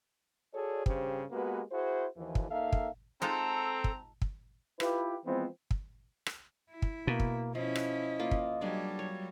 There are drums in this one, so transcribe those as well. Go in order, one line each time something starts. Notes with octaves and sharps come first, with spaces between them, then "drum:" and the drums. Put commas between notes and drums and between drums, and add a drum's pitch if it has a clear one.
F#4 G#4 A4 C#5 D5
G2 C#3 G4 C5, drum: kick
G#3 A#3 B3 F#4 G4 B4
E4 F#4 G#4 C5
D#2 E3 F3
drum: kick
A#3 D#4 A4 E5 F5
drum: kick
G#3 C4 D#4 F4 A4 A#5
drum: kick
drum: kick
E4 F4 G4 B4, drum: rim click
E3 F3 G#3 B3 C4
drum: kick
drum: rim click
E4
drum: kick
B2 A#3
drum: kick
F3 C#4 E4 D#5
drum: rim click
A#3 F4
drum: kick
F#3 G3 A#3 D4 G#4
C#5